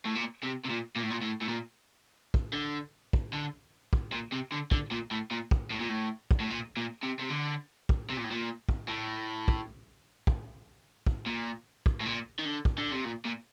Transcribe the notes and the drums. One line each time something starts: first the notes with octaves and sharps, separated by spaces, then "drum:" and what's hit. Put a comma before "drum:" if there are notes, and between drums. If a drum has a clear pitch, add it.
A2
A#2
C3
C3
A#2
A#2
A2
A#2
A2
A2
A#2
drum: kick
D3
drum: kick
D3
drum: kick
A#2
C3
D3
D3, drum: kick
A#2
A2
A#2
drum: kick
A2
A#2
A2
drum: kick
A2
A#2
A#2
C3
C3
D3
drum: kick
C3
A#2
A2
A#2
drum: kick
A2
drum: kick
drum: kick
drum: kick
A#2
drum: kick
A2
A#2
D#3
D3
drum: kick
D3
C3
A#2
A#2